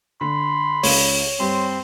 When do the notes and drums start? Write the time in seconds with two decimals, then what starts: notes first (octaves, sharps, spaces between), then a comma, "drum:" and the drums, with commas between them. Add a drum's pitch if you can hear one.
0.21 D3 B5 C6
0.83 C#2 C#3 C#5, drum: open hi-hat
1.40 G2 G3 C4 C6